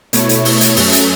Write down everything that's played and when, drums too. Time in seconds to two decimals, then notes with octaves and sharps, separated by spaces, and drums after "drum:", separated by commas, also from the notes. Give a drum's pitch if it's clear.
0.13 B2 A3 E4 C#5, drum: hi-hat
0.29 drum: hi-hat
0.45 drum: open hi-hat
0.61 drum: hi-hat
0.76 F#2 F#3 A3 C#4, drum: open hi-hat
0.93 drum: hi-hat